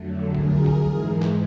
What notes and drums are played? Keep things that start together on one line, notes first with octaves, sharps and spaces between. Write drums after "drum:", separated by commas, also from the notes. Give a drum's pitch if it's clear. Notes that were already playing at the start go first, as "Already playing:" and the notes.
Already playing: F2 D3 F#3 A3
G#4 A#4, drum: kick
drum: kick
G#2 E3 G#3
drum: clap